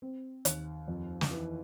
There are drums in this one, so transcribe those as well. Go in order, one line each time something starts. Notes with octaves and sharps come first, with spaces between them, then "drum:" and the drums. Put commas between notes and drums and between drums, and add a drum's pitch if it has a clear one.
C4
D#2, drum: hi-hat
F2
drum: snare
E3